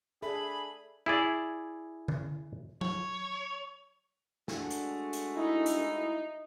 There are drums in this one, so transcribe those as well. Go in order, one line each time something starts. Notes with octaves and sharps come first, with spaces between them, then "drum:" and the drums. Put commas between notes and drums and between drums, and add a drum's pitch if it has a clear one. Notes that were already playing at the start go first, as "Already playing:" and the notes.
D4 G#4 A4 D5 E5 B5
E4 G#4 D5
drum: tom D3
C#5, drum: tom F#3
G#3 A3 D4 F#4, drum: snare
drum: hi-hat
drum: hi-hat
D#4 E4
drum: hi-hat